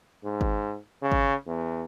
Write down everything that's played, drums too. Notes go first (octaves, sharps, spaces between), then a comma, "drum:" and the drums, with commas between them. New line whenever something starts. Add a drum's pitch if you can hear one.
G#2
drum: kick G#1
C#3
drum: kick G#1
E2